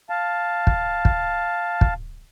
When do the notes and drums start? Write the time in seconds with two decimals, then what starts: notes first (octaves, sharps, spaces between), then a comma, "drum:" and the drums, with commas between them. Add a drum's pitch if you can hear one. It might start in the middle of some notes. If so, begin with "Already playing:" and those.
0.10 F5 A5
0.67 drum: kick
1.05 drum: kick
1.81 drum: kick